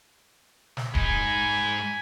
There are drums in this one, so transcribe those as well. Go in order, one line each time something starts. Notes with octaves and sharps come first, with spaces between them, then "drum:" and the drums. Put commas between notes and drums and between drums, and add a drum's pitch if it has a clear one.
drum: snare
G#2 D#4 G#5 B5, drum: kick D1